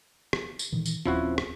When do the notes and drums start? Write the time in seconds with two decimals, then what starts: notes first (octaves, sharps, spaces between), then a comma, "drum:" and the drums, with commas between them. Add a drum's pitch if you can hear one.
0.33 drum: rim click
0.59 drum: tambourine
0.72 A#2 D#3 E3
0.86 drum: tambourine
1.06 D#1 F3 C4 C#4 E4 F#4
1.38 drum: rim click